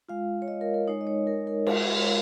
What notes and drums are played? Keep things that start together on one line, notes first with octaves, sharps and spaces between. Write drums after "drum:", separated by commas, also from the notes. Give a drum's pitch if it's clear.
G#3 F4 F5
C#5
D#5
A#4
A#4
G#3 D#4 C#5
D#5
C#5
A#4
A#4
G#3 F4 A#4, drum: cymbal
C#5
F5